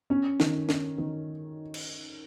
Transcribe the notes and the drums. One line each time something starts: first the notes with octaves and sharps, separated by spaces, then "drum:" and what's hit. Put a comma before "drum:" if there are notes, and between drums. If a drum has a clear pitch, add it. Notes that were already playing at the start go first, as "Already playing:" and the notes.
C#4
D#3, drum: snare
C#4, drum: snare
D#3
drum: cymbal